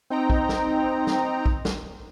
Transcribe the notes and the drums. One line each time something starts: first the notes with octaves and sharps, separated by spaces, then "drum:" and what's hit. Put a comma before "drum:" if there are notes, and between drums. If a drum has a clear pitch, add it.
C4 D#4 G5 A#5
drum: kick
drum: snare
drum: snare
drum: kick
drum: snare